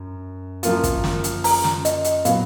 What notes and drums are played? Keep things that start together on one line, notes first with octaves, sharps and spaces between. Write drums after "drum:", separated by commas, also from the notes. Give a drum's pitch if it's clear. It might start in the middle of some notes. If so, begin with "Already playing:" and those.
Already playing: F#2
F#2 F3 A#3 F4, drum: hi-hat
drum: kick, hi-hat
drum: snare
drum: hi-hat
A#5, drum: open hi-hat
drum: snare
D#5, drum: hi-hat
drum: hi-hat
A#2 F#3 B3 F5, drum: hi-hat